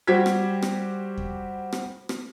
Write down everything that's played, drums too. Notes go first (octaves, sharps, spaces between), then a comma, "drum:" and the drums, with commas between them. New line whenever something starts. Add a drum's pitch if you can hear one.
G3 F#4 G4 C5 G#6 B6
drum: rim click
drum: rim click
drum: kick E2
drum: rim click
drum: rim click